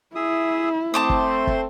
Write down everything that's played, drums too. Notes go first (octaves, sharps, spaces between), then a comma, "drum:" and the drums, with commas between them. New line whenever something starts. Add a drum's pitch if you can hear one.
E4 G#4 E5 D#6
A3 C4 C5 A5 C6 D6 D#6
drum: kick
drum: kick